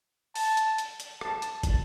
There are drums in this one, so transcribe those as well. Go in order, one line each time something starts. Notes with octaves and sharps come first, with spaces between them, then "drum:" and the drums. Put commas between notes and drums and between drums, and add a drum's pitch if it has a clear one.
A5, drum: open hi-hat
drum: hi-hat
drum: hi-hat
drum: hi-hat
A5, drum: rim click
drum: hi-hat
drum: kick, hi-hat